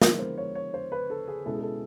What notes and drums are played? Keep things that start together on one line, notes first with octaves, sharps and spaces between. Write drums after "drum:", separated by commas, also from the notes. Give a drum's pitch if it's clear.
D3 F3 G#3 B3 E4 A#4, drum: snare
C5
C#5
C#5
C5
B4
A4
G#4
B2 G#3 C#4 E4 A4
G#4
A4